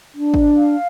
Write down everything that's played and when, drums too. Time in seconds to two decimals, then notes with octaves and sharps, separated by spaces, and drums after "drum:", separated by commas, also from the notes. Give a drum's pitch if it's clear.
0.15 D4
0.34 drum: kick G#1
0.56 F5